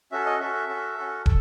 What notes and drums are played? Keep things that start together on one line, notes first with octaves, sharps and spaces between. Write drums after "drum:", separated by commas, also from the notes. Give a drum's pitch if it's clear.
C#4 F#4 A4 E5
D#5
C#4 F#4 A4 E5
E5
C#4 F#4 A4
C#4 F#4 A4
A4, drum: kick